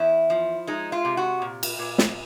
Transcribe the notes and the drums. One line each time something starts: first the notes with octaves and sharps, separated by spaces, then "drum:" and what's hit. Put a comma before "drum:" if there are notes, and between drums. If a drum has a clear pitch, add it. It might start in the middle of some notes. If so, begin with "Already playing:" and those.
Already playing: E2 E4
F3
G#3 D#4
F4
C3
F#4
A#2
drum: cymbal
A#2
drum: snare